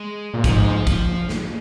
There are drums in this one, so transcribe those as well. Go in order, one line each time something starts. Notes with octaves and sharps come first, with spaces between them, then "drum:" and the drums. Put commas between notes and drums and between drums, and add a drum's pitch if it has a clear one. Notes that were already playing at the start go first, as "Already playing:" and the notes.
Already playing: G#3
A#2
G#2 F3, drum: kick, hi-hat
drum: kick, hi-hat
drum: snare